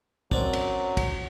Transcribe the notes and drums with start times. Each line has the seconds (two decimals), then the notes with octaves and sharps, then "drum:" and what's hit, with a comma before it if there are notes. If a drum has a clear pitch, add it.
0.31 F#2 F#3 C4 D4, drum: kick
0.53 drum: cymbal
0.97 drum: kick, cymbal